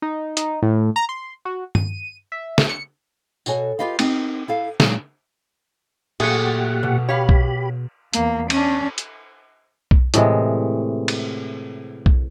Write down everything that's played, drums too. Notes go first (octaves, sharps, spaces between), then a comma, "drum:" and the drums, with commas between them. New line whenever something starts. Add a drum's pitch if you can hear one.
D#4
D#4, drum: hi-hat
A2
A#5
C6
F#4
D#7, drum: tom G2
E5
drum: snare
C#7
B2 F#4 A4 C#5 G#5, drum: tambourine
F4 G4 B4 D#5 F5
B3 C4 D#4 G4 A#4, drum: cymbal
E4 A4 F5
A#2 F#3 G#3 A#3 B3 D#4, drum: snare
A#2 F#3 A3 G4 G#4 F#5 C#7, drum: cymbal
B2
G4 C#5 F5 B5
drum: kick B1
E2 A#3, drum: hi-hat
C#4 D4, drum: cymbal
drum: hi-hat
drum: kick B1
A2 C3 E3 G#3, drum: hi-hat
drum: cymbal
drum: kick B1